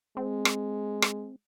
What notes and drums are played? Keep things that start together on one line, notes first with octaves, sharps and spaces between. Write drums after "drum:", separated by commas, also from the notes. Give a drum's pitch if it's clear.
G#3 C4
drum: rim click
drum: rim click